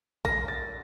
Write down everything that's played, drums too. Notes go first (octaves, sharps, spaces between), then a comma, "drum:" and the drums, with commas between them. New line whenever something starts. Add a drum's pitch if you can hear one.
A#3 A#6, drum: kick A#1, tambourine
A6